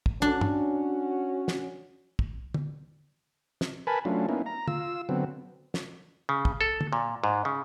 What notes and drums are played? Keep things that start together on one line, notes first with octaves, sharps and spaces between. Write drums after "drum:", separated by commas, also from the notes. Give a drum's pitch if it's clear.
drum: kick
C#4 D4 F#4
drum: tom
drum: snare
drum: kick
drum: tom
drum: snare
A#4 B4 G#5 A5 B5
F#3 A3 C#4 D4 F4
A#3 B3 C#4 D#4 E4
A#5
F4 E6, drum: tom
D3 F#3 B3 C4
drum: snare
C#3
drum: kick
A4
drum: tom
A#2
G#2
C#3